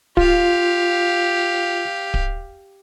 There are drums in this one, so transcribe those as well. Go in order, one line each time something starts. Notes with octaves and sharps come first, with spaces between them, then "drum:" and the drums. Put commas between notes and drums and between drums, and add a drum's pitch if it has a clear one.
F4 G4 F5, drum: kick D1
drum: kick D1